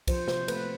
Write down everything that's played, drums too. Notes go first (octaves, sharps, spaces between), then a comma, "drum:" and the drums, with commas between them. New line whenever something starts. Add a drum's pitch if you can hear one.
F3 C5, drum: kick, cymbal
C3 C5, drum: snare
A3 B4, drum: cymbal